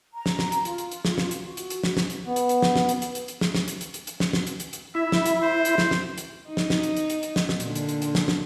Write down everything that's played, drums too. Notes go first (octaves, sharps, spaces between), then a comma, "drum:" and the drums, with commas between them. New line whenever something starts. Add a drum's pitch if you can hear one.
A#5
drum: snare
drum: snare
drum: hi-hat
F4, drum: hi-hat
drum: hi-hat
drum: hi-hat
drum: snare
drum: snare
drum: hi-hat
F#4
drum: hi-hat
drum: hi-hat
drum: snare
drum: snare
drum: hi-hat
B3
drum: hi-hat
drum: hi-hat
drum: snare
drum: snare
drum: hi-hat
drum: hi-hat
drum: hi-hat
drum: hi-hat
drum: snare
drum: snare
drum: hi-hat
drum: hi-hat
drum: hi-hat
drum: hi-hat
drum: snare
drum: snare
drum: hi-hat
drum: hi-hat
drum: hi-hat
E4 E5
drum: snare
drum: hi-hat
C5
drum: hi-hat
drum: snare
drum: snare
drum: hi-hat
D#4
drum: snare
drum: snare
drum: hi-hat
drum: hi-hat
drum: hi-hat
drum: hi-hat
drum: snare
drum: snare
A#2 D3, drum: hi-hat
drum: hi-hat
drum: hi-hat
drum: hi-hat
drum: snare
drum: snare